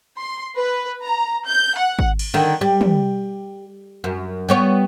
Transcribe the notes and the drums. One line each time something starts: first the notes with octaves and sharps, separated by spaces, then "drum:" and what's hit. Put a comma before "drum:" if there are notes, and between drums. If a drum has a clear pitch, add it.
C6
B4
A#5
G6
F#5
drum: kick G#1
drum: cymbal
D3 D#3
G3
drum: tom
F#2
G3 B3 C#5